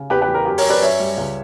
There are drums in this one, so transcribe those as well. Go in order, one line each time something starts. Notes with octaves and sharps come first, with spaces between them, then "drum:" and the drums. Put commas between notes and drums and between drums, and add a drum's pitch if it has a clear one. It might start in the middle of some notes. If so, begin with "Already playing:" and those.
Already playing: C#3
E2 G4 B4
G4 B4
E3
A#4
F#2 G4
A#4 C#5, drum: open hi-hat
F#2
B4 D5
F#2 C#5 E5
G3
C#2